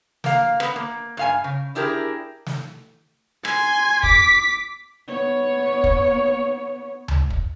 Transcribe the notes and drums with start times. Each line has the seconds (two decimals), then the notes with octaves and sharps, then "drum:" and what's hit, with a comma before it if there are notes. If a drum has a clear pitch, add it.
0.24 A#3 F5, drum: snare
0.60 B3 B4, drum: rim click
0.76 A#3
1.17 G2 F5 G#5
1.44 C#3
1.75 D4 E4 G4 G#4 A#4
2.46 drum: snare
3.45 G#5 C6, drum: rim click
4.03 D6 B6, drum: kick
5.08 B3 C#5
5.84 drum: kick
7.08 drum: tom C#2
7.30 drum: kick